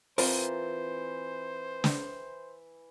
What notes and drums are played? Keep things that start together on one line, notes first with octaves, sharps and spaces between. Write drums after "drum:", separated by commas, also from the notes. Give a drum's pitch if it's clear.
E3 C4 F4 A#4 C5, drum: open hi-hat
drum: snare